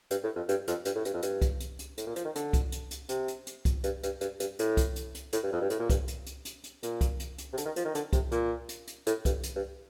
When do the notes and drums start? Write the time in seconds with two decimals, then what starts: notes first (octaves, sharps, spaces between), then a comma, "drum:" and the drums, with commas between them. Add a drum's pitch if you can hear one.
0.10 G2, drum: hi-hat
0.23 A2
0.36 F2
0.49 G2, drum: hi-hat
0.67 F2, drum: hi-hat
0.85 G2, drum: hi-hat
0.95 A2
1.05 G2, drum: hi-hat
1.14 F2
1.22 G2, drum: hi-hat
1.42 drum: kick C2, hi-hat
1.60 drum: hi-hat
1.79 drum: hi-hat
1.97 A2, drum: hi-hat
2.06 A#2
2.16 F3, drum: hi-hat
2.25 D#3
2.35 D3, drum: hi-hat
2.53 drum: kick C2, hi-hat
2.72 drum: hi-hat
2.91 drum: hi-hat
3.09 C3, drum: hi-hat
3.28 drum: hi-hat
3.47 drum: hi-hat
3.65 drum: kick C2, hi-hat
3.84 G2, drum: hi-hat
4.03 G2, drum: hi-hat
4.21 G2, drum: hi-hat
4.40 G2, drum: hi-hat
4.59 A2, drum: hi-hat
4.77 drum: kick C2, hi-hat
4.96 drum: hi-hat
5.14 drum: hi-hat
5.32 A2, drum: hi-hat
5.43 G2
5.52 F2
5.61 G2
5.70 A2, drum: hi-hat
5.79 A#2
5.90 G2, drum: kick C2, hi-hat
6.08 drum: hi-hat
6.26 drum: hi-hat
6.45 drum: hi-hat
6.64 drum: hi-hat
6.83 A#2, drum: hi-hat
7.01 drum: kick C2, hi-hat
7.19 drum: hi-hat
7.38 drum: hi-hat
7.53 C3
7.57 D3, drum: hi-hat
7.65 D#3
7.76 F3, drum: hi-hat
7.85 D#3
7.95 D3, drum: hi-hat
8.13 C3, drum: kick C2, hi-hat
8.31 A#2, drum: hi-hat
8.69 drum: hi-hat
8.87 drum: hi-hat
9.06 A2, drum: hi-hat
9.25 G2, drum: kick C2, hi-hat
9.43 drum: hi-hat
9.56 G2